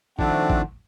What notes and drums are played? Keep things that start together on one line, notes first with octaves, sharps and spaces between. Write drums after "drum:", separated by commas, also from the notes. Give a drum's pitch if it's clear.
D#3 F3 A3 C4 D4 E4 F#5, drum: kick
drum: kick